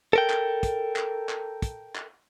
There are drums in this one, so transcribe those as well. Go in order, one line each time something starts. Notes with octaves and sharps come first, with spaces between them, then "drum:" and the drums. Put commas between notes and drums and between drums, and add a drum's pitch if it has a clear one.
A4 A#4 G5
drum: clap
drum: kick, hi-hat
drum: clap
drum: clap
drum: kick, hi-hat
drum: clap